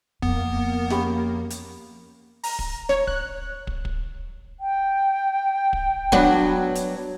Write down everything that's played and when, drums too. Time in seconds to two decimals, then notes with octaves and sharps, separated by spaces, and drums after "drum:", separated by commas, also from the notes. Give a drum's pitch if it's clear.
0.22 F2 A#3 B3, drum: kick
0.90 C#4 G4 B5, drum: snare
1.50 drum: hi-hat
2.43 A#5, drum: open hi-hat
2.59 drum: kick
2.89 C#5, drum: snare
3.07 F#6, drum: kick
3.67 drum: kick
3.85 drum: kick
4.60 G5
5.73 drum: kick
6.12 F#3 B3 D4, drum: kick
6.75 drum: hi-hat